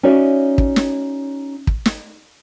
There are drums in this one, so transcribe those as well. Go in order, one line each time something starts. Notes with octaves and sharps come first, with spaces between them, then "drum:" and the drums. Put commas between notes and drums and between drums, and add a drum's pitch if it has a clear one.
C#4 D#4 F#4 C#5 D5 E5
drum: kick
drum: snare
drum: kick
drum: snare